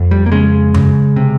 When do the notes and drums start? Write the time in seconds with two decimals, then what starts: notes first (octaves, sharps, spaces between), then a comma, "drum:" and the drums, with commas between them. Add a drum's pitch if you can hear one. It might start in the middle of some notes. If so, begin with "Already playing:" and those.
Already playing: F2
0.11 G3
0.26 A#3
0.32 C#3 G#3
0.74 C#3, drum: tom F#2
1.16 C3